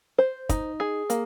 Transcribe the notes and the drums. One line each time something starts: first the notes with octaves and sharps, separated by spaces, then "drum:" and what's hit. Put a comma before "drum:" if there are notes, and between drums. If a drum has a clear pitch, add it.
C5
D#4, drum: kick, hi-hat
G#4
A#3, drum: hi-hat